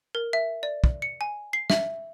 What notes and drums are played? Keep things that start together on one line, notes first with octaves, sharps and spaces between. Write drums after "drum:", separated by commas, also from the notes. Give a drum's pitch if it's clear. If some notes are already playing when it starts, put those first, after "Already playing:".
A#4
E5
D5
drum: kick
C#7
G#5
C7
E5, drum: snare